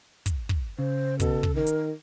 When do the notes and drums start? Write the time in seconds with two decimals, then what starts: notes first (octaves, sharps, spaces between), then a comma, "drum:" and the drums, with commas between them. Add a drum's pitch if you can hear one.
0.26 drum: kick, hi-hat
0.49 drum: kick
0.79 C#3 C5
1.20 B2 A4, drum: kick, hi-hat
1.43 drum: kick
1.55 D#3 A#4
1.67 drum: hi-hat